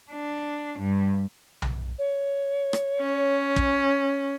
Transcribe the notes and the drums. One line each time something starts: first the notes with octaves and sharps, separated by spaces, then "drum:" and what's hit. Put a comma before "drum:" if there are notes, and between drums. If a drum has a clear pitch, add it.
D4
G2
drum: tom B1
C#5
drum: rim click
C#4
drum: kick